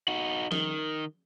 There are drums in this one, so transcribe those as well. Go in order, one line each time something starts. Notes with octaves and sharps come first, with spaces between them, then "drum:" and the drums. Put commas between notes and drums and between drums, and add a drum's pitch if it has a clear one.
D#4 F#4
D#3, drum: snare